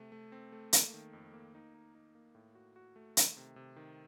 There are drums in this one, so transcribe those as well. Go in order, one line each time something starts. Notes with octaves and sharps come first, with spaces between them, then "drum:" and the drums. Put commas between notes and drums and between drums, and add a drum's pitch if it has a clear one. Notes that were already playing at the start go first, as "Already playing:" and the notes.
Already playing: C3 A3
A3
C4
A3
A#3, drum: hi-hat
D#3
F2
A#3
D#4
D#4
D#4
A#3
A2
F#4
F#4
A3
D#3, drum: hi-hat
C3
C3
D#3